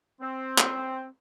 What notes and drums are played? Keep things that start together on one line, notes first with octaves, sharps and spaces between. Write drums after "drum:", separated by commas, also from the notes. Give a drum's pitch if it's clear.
C4
drum: clap